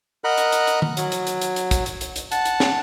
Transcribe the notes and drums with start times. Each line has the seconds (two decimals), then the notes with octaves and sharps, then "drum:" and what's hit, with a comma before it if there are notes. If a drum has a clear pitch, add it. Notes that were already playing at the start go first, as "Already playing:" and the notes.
0.24 A#4 D#5 F#5 B5 F#6
0.38 drum: hi-hat
0.52 drum: hi-hat
0.67 drum: hi-hat
0.82 drum: tom
0.97 F#3, drum: hi-hat
1.12 drum: hi-hat
1.27 drum: hi-hat
1.42 drum: hi-hat
1.56 drum: hi-hat
1.71 drum: kick, hi-hat
1.86 drum: hi-hat
2.01 drum: hi-hat
2.16 drum: hi-hat
2.32 F#5 A5, drum: hi-hat
2.45 drum: hi-hat
2.60 drum: snare